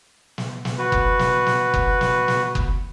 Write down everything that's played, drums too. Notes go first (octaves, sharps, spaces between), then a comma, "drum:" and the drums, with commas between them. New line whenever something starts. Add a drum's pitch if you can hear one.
drum: snare
drum: snare
F#4 B4
drum: kick F#1
drum: snare
drum: snare
drum: kick F#1
drum: snare
drum: snare
drum: kick F#1